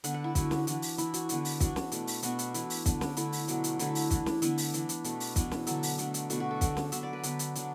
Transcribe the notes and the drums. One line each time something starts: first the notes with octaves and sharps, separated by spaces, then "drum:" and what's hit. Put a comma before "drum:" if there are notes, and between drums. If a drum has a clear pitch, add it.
D3 B3 D4 F#5, drum: hi-hat
F#5
E4
D3 B3 D4 F#4, drum: kick, hi-hat
drum: snare
E3 D4, drum: hi-hat
drum: open hi-hat
E3 D4 E4, drum: hi-hat
F#4, drum: hi-hat
D3 B3 D4, drum: hi-hat
drum: open hi-hat
E3 D4 F#4, drum: kick, hi-hat
drum: snare
B2 A3 D4, drum: hi-hat
drum: open hi-hat
B2 B3 D4 F#4, drum: hi-hat
drum: hi-hat
E3 A3 D4 E4, drum: hi-hat
drum: open hi-hat
D3 B3 D4, drum: kick, hi-hat
drum: snare
D3 A3 D4 E4, drum: hi-hat
drum: open hi-hat
B2 F#3 A3, drum: hi-hat
drum: hi-hat
D3 F#3 A3 D4 E4, drum: hi-hat
drum: open hi-hat
E3 D4, drum: kick, hi-hat
drum: snare
D3 B3 D4 E4, drum: hi-hat
drum: open hi-hat
E3 D4, drum: hi-hat
drum: hi-hat
B2 A3 D4, drum: hi-hat
drum: open hi-hat
E3 B3 D4, drum: kick, hi-hat
drum: snare
D3 F#3 D4 A4, drum: hi-hat
drum: open hi-hat
B2 A3 D4, drum: hi-hat
drum: hi-hat
B2 A3 D4 F#4, drum: hi-hat
F#4
A4
D3 A3 D4, drum: kick, hi-hat
drum: snare
D3 F#3 B3 E5, drum: hi-hat
D5
B4
D3 B3 D4 B4, drum: hi-hat
drum: hi-hat
D3 F#3 D4, drum: hi-hat